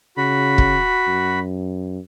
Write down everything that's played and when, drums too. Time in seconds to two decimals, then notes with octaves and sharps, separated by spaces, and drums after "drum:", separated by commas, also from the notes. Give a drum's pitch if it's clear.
0.17 C#3 F#4 B5
0.58 drum: kick
1.07 F#2